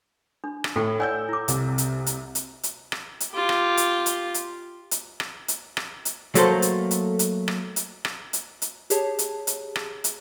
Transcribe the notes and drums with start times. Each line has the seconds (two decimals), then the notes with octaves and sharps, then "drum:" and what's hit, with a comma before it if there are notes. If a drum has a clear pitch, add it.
0.44 D4
0.64 drum: rim click
0.76 A2 A4 G5 C#6
1.00 C#5 D5 F#5 G#5 E6 G6
1.29 E4 D6
1.48 C2 C3, drum: hi-hat
1.78 drum: hi-hat
2.06 drum: hi-hat
2.35 drum: hi-hat
2.63 drum: hi-hat
2.92 drum: rim click
3.20 drum: hi-hat
3.32 F4 G4
3.49 drum: rim click
3.77 drum: hi-hat
4.06 drum: hi-hat
4.34 drum: hi-hat
4.91 drum: hi-hat
5.20 drum: rim click
5.48 drum: hi-hat
5.77 drum: rim click
6.05 drum: hi-hat
6.35 F#3 A3 A#3 F#4 A4 C5, drum: hi-hat
6.62 drum: hi-hat
6.91 drum: hi-hat
7.19 drum: hi-hat
7.48 drum: rim click
7.76 drum: hi-hat
8.05 drum: rim click
8.33 drum: hi-hat
8.62 drum: hi-hat
8.90 G4 G#4 C#5 A5, drum: hi-hat
9.19 drum: hi-hat
9.47 drum: hi-hat
9.76 drum: rim click
10.04 drum: hi-hat